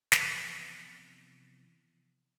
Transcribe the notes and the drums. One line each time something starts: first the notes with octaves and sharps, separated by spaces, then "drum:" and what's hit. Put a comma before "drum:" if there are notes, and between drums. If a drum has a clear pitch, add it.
C3 E3 F3 B3, drum: snare